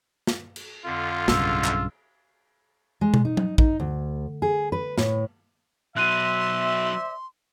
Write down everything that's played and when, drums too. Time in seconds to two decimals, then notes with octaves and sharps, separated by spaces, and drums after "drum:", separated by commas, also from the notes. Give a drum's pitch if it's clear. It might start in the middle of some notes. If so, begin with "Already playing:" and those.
0.27 drum: snare
0.56 drum: cymbal
0.85 F2 D3 F4
1.28 B1 G2 C#3 E6, drum: snare
1.64 drum: clap
3.01 G#3
3.14 drum: tom B2
3.25 D#4
3.37 drum: tom F#3
3.58 D#4, drum: kick
3.80 D2
4.42 G#4
4.72 B4
4.98 A2, drum: snare
5.97 B2 F#3 C5 D5 E5 C6 F#6 D#7